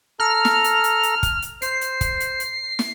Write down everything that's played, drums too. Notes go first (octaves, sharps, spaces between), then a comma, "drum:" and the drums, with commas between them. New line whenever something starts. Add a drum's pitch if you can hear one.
A4 A#5 F6
drum: snare
drum: hi-hat
drum: hi-hat
drum: hi-hat
drum: kick, hi-hat
drum: hi-hat
C5 C7, drum: hi-hat
drum: hi-hat
drum: kick, hi-hat
drum: hi-hat
drum: hi-hat
drum: snare